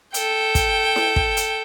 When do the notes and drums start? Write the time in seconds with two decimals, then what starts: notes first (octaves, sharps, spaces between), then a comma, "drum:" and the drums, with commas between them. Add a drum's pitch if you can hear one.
0.14 A4 G5, drum: hi-hat
0.55 drum: kick, hi-hat
0.96 drum: snare E4
1.16 drum: kick
1.37 drum: hi-hat